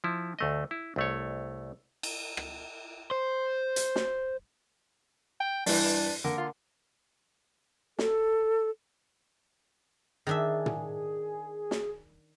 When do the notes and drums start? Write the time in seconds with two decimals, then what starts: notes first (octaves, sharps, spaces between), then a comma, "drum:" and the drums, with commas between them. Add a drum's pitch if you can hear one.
0.04 F3 E4
0.39 D2 A3 D#5
0.71 E4
0.96 C2 A3 C#5
2.03 drum: cymbal
2.37 drum: rim click
3.11 C5
3.76 drum: hi-hat
3.96 drum: snare
5.40 G5
5.66 G2 E3 D4, drum: open hi-hat
6.24 D3 A#3 A#4
6.38 F4
7.99 A4, drum: snare
10.27 D#3 D4 G#4 E5
10.66 drum: tom
11.71 drum: snare